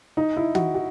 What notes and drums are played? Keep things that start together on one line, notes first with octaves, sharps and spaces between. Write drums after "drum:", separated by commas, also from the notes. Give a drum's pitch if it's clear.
D#4
E4
F#4, drum: tom
F#4